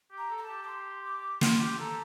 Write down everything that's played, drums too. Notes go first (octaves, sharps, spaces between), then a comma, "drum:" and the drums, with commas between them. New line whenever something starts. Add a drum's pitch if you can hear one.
G4
A#5
A4
A#5
A5
G4
D6
C6
D6
F4 C6, drum: snare
G4
C6
A4 A#5